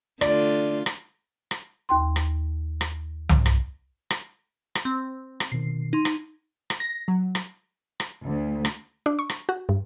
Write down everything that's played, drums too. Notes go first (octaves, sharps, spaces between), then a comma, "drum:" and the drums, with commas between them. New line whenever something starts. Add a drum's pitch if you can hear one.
D3 A3 F4 D5, drum: rim click
drum: rim click
drum: rim click
D#2 G5 C6
drum: rim click
drum: rim click
drum: tom C2
drum: rim click
drum: rim click
drum: rim click
C4
drum: rim click
B2 D#3 C7
D#4 C6
drum: rim click
drum: rim click
A#6
F#3
drum: rim click
drum: rim click
D2
drum: rim click
D4
C#6
drum: rim click
F#4
G2